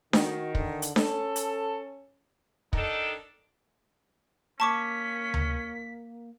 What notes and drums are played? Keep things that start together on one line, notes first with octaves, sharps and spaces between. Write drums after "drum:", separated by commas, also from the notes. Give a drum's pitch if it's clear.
D#3 F#4, drum: snare D4
D3, drum: kick
drum: hi-hat
C#4 A4, drum: snare D4
drum: hi-hat
D#3 D4 D#4 A4, drum: kick
A#3 C#4 A5 C#6 D6 B6
drum: tom D2